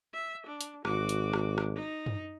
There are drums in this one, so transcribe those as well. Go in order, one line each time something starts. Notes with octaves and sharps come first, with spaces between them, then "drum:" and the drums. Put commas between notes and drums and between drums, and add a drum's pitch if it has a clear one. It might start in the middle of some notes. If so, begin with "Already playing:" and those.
E5
D4
drum: hi-hat
G#1 F#4 D6, drum: rim click
drum: hi-hat
drum: rim click
drum: rim click
D#4
drum: tom